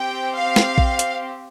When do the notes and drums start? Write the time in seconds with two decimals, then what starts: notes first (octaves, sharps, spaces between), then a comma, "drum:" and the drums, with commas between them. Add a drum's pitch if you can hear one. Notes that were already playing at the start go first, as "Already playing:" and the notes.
Already playing: C4 G4 G5
0.35 F5
0.56 drum: snare
0.78 drum: kick A#1
0.99 drum: hi-hat